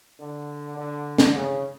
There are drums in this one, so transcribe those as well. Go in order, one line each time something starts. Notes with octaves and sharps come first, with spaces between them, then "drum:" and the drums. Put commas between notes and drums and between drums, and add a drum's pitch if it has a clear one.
D3
D3
drum: snare
C#3